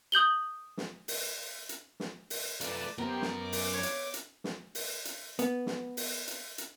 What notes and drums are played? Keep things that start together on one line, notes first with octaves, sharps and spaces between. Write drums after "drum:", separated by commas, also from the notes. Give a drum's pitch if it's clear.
D#6 G6 F#7 G7
drum: snare
drum: open hi-hat
drum: hi-hat
drum: snare
drum: open hi-hat
A3 F4 B4 D5 A5, drum: hi-hat
F#2 B3 G4 A#4 C5
drum: snare
D6
drum: open hi-hat
C#5
drum: hi-hat
drum: hi-hat
drum: snare
drum: open hi-hat
drum: hi-hat
B3, drum: hi-hat
drum: snare
drum: open hi-hat
drum: hi-hat
drum: hi-hat